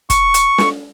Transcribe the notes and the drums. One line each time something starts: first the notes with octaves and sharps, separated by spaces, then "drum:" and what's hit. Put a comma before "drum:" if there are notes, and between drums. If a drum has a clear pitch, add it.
C#6, drum: kick, hi-hat
drum: hi-hat
drum: snare